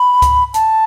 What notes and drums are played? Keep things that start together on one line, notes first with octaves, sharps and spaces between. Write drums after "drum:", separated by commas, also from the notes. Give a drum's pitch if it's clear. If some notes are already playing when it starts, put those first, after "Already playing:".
Already playing: B5
drum: kick C#2, hi-hat
A5, drum: hi-hat